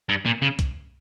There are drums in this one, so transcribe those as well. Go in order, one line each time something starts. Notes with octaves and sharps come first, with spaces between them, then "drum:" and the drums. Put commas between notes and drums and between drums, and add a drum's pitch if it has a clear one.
G2
A#2
C#3
drum: kick B1, hi-hat